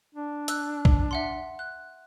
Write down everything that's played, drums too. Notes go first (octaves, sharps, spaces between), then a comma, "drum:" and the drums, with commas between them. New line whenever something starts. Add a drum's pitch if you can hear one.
D4
E6 F#6, drum: hi-hat
drum: kick B1
E5 F#5 C6
F#6